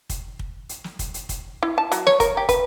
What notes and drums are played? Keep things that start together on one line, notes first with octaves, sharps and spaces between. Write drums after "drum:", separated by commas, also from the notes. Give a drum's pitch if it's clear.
drum: kick, hi-hat
drum: kick
drum: hi-hat
drum: snare
drum: kick, hi-hat
drum: hi-hat
drum: kick, hi-hat
E4
A5
F#3, drum: hi-hat
C#5, drum: snare
A#4, drum: kick, hi-hat
G4
B4, drum: kick, hi-hat